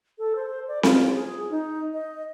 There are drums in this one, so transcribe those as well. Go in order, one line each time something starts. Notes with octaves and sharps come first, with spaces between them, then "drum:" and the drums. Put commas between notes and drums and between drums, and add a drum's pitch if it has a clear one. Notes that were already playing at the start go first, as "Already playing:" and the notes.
A4
C5
D5
F4, drum: snare C4
G#4
D#4
D#5